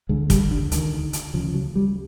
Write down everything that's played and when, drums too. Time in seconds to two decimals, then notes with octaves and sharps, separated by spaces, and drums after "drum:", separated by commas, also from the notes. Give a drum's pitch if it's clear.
0.09 D2 D3 G#3
0.30 G3, drum: kick, hi-hat
0.51 D3
0.72 D2 D3 D#3, drum: hi-hat
1.13 drum: hi-hat
1.34 D2 C#3 F3
1.54 F#3
1.76 G3